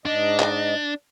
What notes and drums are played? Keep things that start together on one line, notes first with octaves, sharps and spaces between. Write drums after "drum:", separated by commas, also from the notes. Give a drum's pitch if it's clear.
G#2 D4 D#5
drum: clap